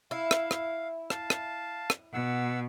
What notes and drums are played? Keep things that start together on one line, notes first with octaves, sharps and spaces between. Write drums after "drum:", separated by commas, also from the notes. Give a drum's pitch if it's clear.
E4 F5
drum: rim click
drum: rim click
F5 A5, drum: rim click
drum: rim click
drum: rim click
B2 F#5 E6